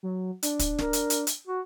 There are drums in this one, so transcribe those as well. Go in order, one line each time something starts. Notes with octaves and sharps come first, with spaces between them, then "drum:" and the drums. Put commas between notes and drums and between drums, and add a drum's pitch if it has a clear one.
F#3
D4, drum: hi-hat
drum: kick, hi-hat
A#4, drum: snare
drum: hi-hat
drum: hi-hat
drum: hi-hat
F#4